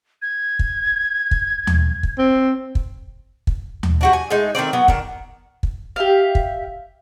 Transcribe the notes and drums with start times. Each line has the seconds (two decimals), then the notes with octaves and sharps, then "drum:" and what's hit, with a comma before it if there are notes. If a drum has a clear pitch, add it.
0.22 G#6
0.59 drum: kick
1.31 drum: kick
1.67 drum: tom D#2
2.03 drum: kick
2.18 C4
2.75 drum: kick
3.47 drum: kick
3.83 drum: tom D#2
4.01 D4 F#4 G4
4.13 G#5
4.30 G#3 A3 D#4
4.55 D#3 A3 C4 D5
4.73 F#3 B3
4.88 D#3 D4, drum: kick
5.63 drum: kick
5.96 G4 E5 F5
6.35 drum: kick